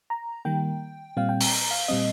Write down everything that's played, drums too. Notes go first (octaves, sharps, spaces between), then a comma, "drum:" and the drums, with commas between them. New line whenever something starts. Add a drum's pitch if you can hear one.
A#5
D#3 G3 A#3 G5
A#2 G3 C4 F5
G5
A#5, drum: open hi-hat
A#5
F5
A#2 G3 C4 D#5